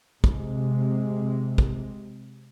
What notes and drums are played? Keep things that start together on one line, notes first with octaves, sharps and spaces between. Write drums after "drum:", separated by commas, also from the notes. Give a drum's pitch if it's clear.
C3 G#3, drum: kick
drum: kick